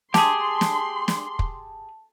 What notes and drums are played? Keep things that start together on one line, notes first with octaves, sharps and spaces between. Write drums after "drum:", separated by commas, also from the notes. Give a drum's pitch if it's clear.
G4 G#4 A5 C6, drum: snare
drum: snare
drum: snare
drum: kick